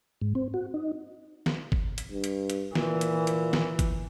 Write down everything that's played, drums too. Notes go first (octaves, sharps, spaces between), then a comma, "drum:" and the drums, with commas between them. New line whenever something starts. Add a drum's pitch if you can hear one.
G#2
C4
F#4
D#4
drum: snare
drum: kick G1
drum: hi-hat
G2
drum: hi-hat
drum: hi-hat
A#2 E3, drum: snare
drum: hi-hat
drum: hi-hat
drum: snare
drum: kick G1, hi-hat